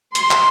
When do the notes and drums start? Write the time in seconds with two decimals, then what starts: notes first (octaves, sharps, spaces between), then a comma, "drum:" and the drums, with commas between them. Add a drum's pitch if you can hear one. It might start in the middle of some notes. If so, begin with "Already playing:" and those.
0.15 C6, drum: hi-hat
0.31 drum: clap